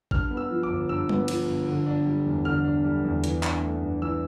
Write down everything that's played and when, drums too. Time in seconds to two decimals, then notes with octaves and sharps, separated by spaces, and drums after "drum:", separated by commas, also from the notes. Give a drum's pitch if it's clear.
0.11 G2 F6, drum: kick
0.31 B3
0.37 E6
0.50 F3
0.63 D6
0.70 G1
0.89 G2 E6
1.09 B3, drum: tom G3
1.28 F3, drum: cymbal
1.48 G1
1.68 D3
1.86 D4
2.06 G3
2.26 E2
2.45 D3 F6
2.64 D4
2.84 G3
3.04 E2
3.24 E3, drum: hi-hat
3.43 D4, drum: clap
3.62 A3
3.82 G2
4.02 E3 E6